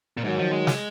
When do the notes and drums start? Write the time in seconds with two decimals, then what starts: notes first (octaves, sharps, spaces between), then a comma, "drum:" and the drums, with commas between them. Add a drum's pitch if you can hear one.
0.17 A#2
0.24 G#2 D#3 F#3
0.39 F3
0.53 G#3
0.67 drum: snare